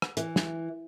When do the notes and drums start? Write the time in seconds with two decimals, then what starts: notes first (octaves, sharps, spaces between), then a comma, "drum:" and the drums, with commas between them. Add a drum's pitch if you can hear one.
0.02 drum: rim click
0.17 E3, drum: hi-hat
0.36 drum: snare